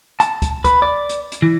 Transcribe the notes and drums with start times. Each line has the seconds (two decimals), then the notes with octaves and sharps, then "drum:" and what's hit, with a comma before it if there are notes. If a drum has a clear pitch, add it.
0.20 A5, drum: hi-hat
0.42 drum: kick, hi-hat
0.64 B4, drum: kick, hi-hat
0.82 D5
1.09 drum: hi-hat
1.32 drum: hi-hat
1.42 E3